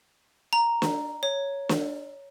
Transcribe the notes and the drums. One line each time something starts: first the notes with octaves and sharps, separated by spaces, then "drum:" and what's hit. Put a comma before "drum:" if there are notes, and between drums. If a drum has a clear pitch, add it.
A#5
drum: snare
C#5
drum: snare